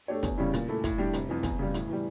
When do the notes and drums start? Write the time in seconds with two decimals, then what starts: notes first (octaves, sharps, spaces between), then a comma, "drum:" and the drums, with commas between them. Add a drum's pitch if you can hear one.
0.08 A3 D4 G4 C#5
0.23 E2, drum: kick, hi-hat
0.38 C#3 G3 C#4 E4
0.53 A#2, drum: hi-hat
0.68 A3 E4 A4
0.84 A2, drum: kick, hi-hat
0.98 G3 D4 G4
1.13 F1, drum: hi-hat
1.29 F2 E3
1.43 E2, drum: kick, hi-hat
1.59 C#3 G3
1.74 A2, drum: hi-hat
1.89 E3 G3